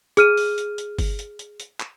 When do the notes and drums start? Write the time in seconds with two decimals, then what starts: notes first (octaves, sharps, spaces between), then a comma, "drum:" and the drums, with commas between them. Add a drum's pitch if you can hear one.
0.17 G#4 F6 D#7, drum: hi-hat
0.37 drum: open hi-hat
0.58 drum: hi-hat
0.78 drum: hi-hat
0.99 drum: kick G1, open hi-hat
1.19 drum: hi-hat
1.39 drum: hi-hat
1.60 drum: hi-hat
1.80 drum: clap